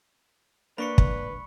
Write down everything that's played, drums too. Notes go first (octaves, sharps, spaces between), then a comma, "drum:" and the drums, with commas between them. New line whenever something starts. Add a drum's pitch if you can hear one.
A#3 D4 B4 B5 C#6 C#7
drum: kick